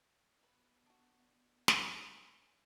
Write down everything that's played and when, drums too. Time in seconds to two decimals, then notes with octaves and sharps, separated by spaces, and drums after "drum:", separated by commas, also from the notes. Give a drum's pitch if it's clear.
0.43 B3 B4
0.86 D4 F#4
1.68 drum: snare
2.25 C#4